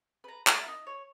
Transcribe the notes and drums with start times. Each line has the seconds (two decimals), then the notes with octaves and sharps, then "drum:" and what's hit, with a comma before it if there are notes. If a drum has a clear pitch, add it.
0.24 B4 A#5
0.47 E4 A#4 F#5 A5, drum: clap
0.68 D#4
0.87 C#5